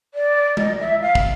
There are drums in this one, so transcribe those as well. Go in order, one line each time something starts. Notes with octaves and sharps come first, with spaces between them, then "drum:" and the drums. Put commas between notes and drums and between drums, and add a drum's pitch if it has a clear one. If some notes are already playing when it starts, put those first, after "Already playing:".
D5
D#5, drum: tom G#3
E5
F5
drum: kick